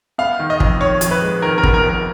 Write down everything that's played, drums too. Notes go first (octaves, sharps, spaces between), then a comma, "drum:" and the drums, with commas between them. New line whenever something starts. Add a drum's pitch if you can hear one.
B3 F5
D#3
D#5
F2, drum: kick
D#3 C#5
F2, drum: hi-hat
B4
G#3
D#3 A#4
A#4
B3, drum: kick
A#4
F2
A#4